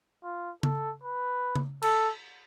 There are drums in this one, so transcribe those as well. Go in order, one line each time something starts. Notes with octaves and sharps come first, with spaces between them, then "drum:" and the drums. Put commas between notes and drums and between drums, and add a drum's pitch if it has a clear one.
F4
A4, drum: tom C#3
B4
drum: tom C#3
A4, drum: cymbal